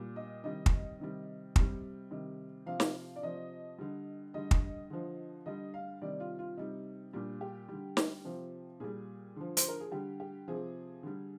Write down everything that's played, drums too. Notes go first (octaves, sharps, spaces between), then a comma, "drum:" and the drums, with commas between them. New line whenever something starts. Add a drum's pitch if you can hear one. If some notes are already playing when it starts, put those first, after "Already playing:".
Already playing: A#2 G3
D#5
C3 D#3 G3 D#5
drum: kick
C3 D#3 G3
C3 G3, drum: kick
C3 D#3 G3
C3 F3 F5
drum: snare
D5
C3 F3 D#5
D3 G3
D3 G3 D#5
drum: kick
D3 F3
D3 G3 D#5
F5
C3 D#3 G3 D5
F4
F4
C3 G3 D#4
A#2 G3 D4
G4
D3 G3
drum: snare
C3 F3
A#2 G3 G#4
D3 F3
C5, drum: hi-hat
A#4
G#4
D3 G3 G4
G4
C3 F3 G#4
D3 G3